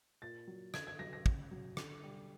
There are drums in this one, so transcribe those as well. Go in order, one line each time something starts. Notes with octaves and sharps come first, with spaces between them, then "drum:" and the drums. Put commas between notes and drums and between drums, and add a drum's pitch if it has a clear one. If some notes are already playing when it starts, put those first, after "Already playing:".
A#2 A6
F#3
D3 G#6, drum: rim click
G#6
F#3 A#6
A#6
C#3, drum: kick
F#3
D3, drum: rim click
G3